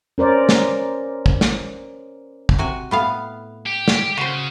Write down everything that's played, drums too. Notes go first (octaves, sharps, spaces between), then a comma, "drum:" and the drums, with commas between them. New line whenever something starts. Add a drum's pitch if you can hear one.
C#4 A#4 C5 D5
drum: snare
drum: kick
drum: snare
drum: kick
C3 F#4 G#5
A2 B3 F5
G4
drum: snare
C#3 F#4 C5